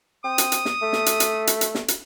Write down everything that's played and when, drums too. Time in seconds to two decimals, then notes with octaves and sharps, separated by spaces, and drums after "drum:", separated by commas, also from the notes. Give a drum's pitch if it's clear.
0.24 C4 D#6
0.38 drum: hi-hat
0.52 drum: hi-hat
0.65 drum: snare
0.82 A3
0.93 drum: snare
1.06 drum: hi-hat
1.20 drum: hi-hat
1.47 drum: hi-hat
1.61 drum: hi-hat
1.75 drum: snare
1.88 drum: hi-hat